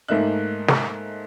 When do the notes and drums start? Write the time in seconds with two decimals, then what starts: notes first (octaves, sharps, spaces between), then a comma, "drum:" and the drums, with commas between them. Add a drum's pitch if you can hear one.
0.08 G#2 A3 A#3 D#4 E5 F#6
0.68 drum: snare